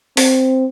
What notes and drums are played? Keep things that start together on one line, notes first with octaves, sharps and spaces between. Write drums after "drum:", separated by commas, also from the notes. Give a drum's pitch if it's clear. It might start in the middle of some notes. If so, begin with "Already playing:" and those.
C4, drum: open hi-hat